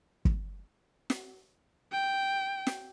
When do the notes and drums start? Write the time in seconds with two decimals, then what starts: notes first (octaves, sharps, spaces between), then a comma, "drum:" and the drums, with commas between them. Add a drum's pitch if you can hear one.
0.25 drum: kick
1.10 drum: snare
1.92 G5
2.67 drum: snare